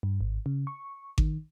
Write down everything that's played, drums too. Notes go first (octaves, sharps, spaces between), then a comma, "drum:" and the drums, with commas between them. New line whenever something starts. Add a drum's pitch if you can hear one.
G2
G#1
C#3
C#6
D#3, drum: kick G#1